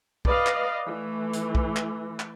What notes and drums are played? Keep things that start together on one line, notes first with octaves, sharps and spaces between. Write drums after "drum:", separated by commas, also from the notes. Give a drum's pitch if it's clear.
B4 D5 D#5 F5, drum: kick
drum: clap
E3 A3
drum: hi-hat
drum: kick
drum: clap
drum: clap